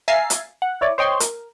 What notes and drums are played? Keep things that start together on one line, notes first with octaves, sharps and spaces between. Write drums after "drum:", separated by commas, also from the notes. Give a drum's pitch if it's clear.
E5 F5 G#5 A#5 A6 C7
drum: hi-hat
F#5
E4 C#5 D5
C5 C#5 D#5 G5 C6 C#6
A#4, drum: hi-hat